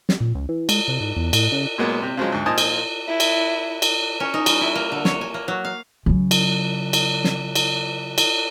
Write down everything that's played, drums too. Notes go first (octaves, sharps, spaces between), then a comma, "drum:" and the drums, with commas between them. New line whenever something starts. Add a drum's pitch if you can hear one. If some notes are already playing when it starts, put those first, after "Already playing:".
G3, drum: snare
A#2
C#2
E3
G#3, drum: cymbal
C3
G#2
E2
A2, drum: cymbal
C#3
A#2 F#3 G#3 A#3 B3
C3
C#3 F3 F#3 G#3
D2 G#2
A#2 F3 D#4 G#5 A5 D#6
drum: cymbal
E4
drum: cymbal
drum: cymbal
C#4
D#4
G3, drum: cymbal
E4
A#3
D3
C#5, drum: snare
G#5
A#3
F#3
F5
C#3 F#3
drum: cymbal
drum: cymbal
drum: snare
drum: cymbal
drum: cymbal